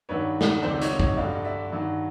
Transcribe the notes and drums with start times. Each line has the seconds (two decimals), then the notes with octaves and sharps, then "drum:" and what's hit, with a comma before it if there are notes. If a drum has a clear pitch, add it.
0.09 G2 D#3 F#3 B4 C#5
0.41 drum: snare
0.63 C#2 C3 D#3 F#3 C5 D5
0.81 C#5 D#5, drum: hi-hat
1.00 C#5 D#5, drum: kick A#1
1.17 G2 D3 F#3 D#5 F5
1.45 D5 E5
1.72 G2 D#3 F#3